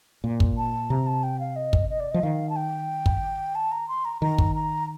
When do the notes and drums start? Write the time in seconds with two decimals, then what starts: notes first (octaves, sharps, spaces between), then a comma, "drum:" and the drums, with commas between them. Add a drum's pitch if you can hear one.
0.24 A#2
0.40 drum: kick
0.57 A5
0.90 C3 A#5
1.07 A5
1.23 G5
1.40 F5
1.56 D#5
1.73 drum: kick
1.90 D#5
2.00 D5
2.11 F3 D#5
2.23 D#3 F5
2.50 A5
2.56 G5
3.06 drum: kick
3.55 A5
3.72 A#5
3.88 C6
4.05 A#5
4.22 D#3 A#5
4.38 drum: kick
4.55 A#5